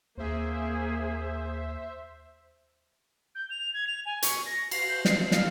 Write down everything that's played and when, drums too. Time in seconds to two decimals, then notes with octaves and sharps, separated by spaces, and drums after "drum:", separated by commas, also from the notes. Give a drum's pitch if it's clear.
0.17 D#2 A#3 G#4 C5 E5
3.35 G6
3.50 F7
3.74 G#6
3.87 F7
4.06 G#5
4.22 C#6, drum: hi-hat
4.46 A#6
4.71 C7, drum: cymbal
4.89 G6
5.05 C7, drum: snare
5.31 F5, drum: snare